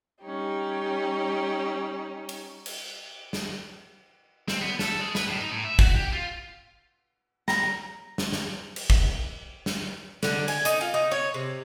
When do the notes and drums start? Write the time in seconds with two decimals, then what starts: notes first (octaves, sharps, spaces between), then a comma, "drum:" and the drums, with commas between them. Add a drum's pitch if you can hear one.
0.24 G3 C#4 D#4 G4
2.29 drum: cymbal
2.66 drum: cymbal
3.33 drum: snare
4.48 C4, drum: snare
4.61 B3
4.79 A4, drum: snare
5.00 G#3
5.15 B4, drum: snare
5.28 A2
5.40 D#4
5.51 A2
5.64 E5
5.79 F#4, drum: kick
5.95 G4
6.13 F4
7.48 A#5, drum: snare
8.18 drum: snare
8.32 drum: snare
8.76 drum: cymbal
8.90 drum: kick
9.66 drum: snare
10.23 D3, drum: snare
10.48 G#5, drum: cymbal
10.65 D#4, drum: hi-hat
10.81 F4
10.94 D#4
11.11 C#5
11.34 C3